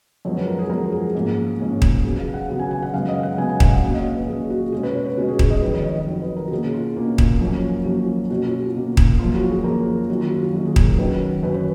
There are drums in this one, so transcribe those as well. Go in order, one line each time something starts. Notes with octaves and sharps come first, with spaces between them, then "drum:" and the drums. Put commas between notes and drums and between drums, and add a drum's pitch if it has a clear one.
F#2 F3 G#3 B3 C#5
B4
A#4
G#4
F#2 F3 G#3 B3 A#4
G#4
G#2 F3 A#3 C#4
G#2 F3 A#3 C#4
drum: kick D#1
C#3 F#3 B3 G#4
F5
F#5
C#3 F#3 B3
G#5
G#5
F#5
F#2 C#3 G#3 B3 F5
D#5
F#5
F#2 C#3 G#3 B3 G#5
G#5
G#5, drum: kick D#1
F#5
A#2 F#3 C#4 F5
D#5
D#5
B4
A#2 F#3 C#4 G#4
F#4
B2 G#3 C#4 G#4
B4
C#5
B4
B2 G#3 C#4 F#4
G#4
G#4, drum: kick D#1
D#5
F2 D#3 F#3 B4
C#5
D#5
D#5
F2 D#3 F#3 C#5
B4
A#4
F#4
B2 A#3 C#4 G#4
F4
B2 A#3 C#4
drum: kick D#1
F#2 F3 A#3 C#4
F#2 F3 A#3 C#4 F#4
B2 A#3 C#4 F#4
F4
F#4
B2 A#3 C#4
drum: kick D#1
F#2 F3 A#3 F4
F#4
G#4
F#2 F3 A#3 A#4
F#2 D#3 A#3 F#4
F4
F#4
F#4
F#2 D#3 A#3 F#4
G#4
drum: kick D#1
A#4
F#2 D#3 F#3 C#4 B4
F#2 D#3 F#3 C#4 B4
B4